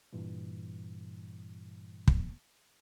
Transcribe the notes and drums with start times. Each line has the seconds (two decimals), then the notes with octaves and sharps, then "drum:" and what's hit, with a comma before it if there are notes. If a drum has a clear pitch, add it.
0.13 G2 A#2 E3 G3
2.08 drum: kick